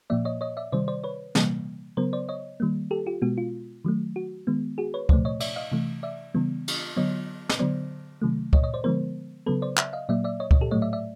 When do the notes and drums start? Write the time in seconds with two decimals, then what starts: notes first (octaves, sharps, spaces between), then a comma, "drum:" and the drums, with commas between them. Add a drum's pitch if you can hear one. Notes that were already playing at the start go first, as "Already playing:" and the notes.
0.10 A#2 F3 A#3 D5 E5
0.25 C#5 D#5
0.41 C#5 D#5
0.57 D5 E5
0.72 C3 D#3 G3 C5 D5
0.88 C5 D5
1.04 B4 C#5
1.35 C3 E3 G3 A#3, drum: snare
1.97 C#3 F#3 B3 A#4 C5
2.13 C5 D5
2.29 C#5 D#5
2.60 D#3 G3 A#3
2.91 G4 A4
3.06 F4 G4
3.22 B2 G#3 B3 F#4
3.38 F4
3.85 D#3 F#3 A3
4.16 F#4
4.47 D#3 G#3 B3
4.78 F#4 G#4
4.94 B4 C#5
5.09 C3 F3 A3 C5 D5, drum: kick C#2
5.25 C#5 D#5
5.40 D5 E5, drum: cymbal
5.56 D#5 F5
5.72 C3 E3 A3
6.03 D5 E5
6.34 C#3 E3 G3 B3
6.68 drum: cymbal
6.96 D3 F#3 B3 C#5 D#5
7.49 drum: snare
7.59 D3 F#3 B3 C5 D5
8.22 C3 D#3 F#3 A3
8.53 C#5 D#5, drum: kick C#2
8.63 C#5 D#5
8.74 C5 D5
8.84 D3 F3 G#3 B3 A#4 C5
9.46 C#3 F#3 B3 A4 B4
9.62 C5 D5
9.78 D5 E5, drum: clap
9.93 D#5 F5
10.09 A#2 F#3 A#3 D5 E5
10.24 D5 E5
10.40 C#5 D#5
10.51 C#5 D#5, drum: kick C#2
10.61 G4 A4
10.71 A2 F#3 A3 C#5 D#5
10.82 D5 E5
10.93 D5 E5